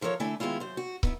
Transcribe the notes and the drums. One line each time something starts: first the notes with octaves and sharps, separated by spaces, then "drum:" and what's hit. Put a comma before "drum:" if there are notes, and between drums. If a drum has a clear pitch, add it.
E3 F3 A4 A#4 C#5
D3 A3 E4 A4 G#5
D#3 G#3 B3 E4 F4
F#2 C5
F#4
B3 D#4 E4, drum: kick